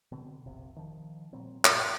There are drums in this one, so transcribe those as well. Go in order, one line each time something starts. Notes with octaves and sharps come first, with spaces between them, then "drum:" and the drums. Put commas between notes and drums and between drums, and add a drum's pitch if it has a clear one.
B2 D3 C4
F1 A#1 C3
D#3 F3
A#2 F#3 G3 C4
G2 A#2 F3, drum: clap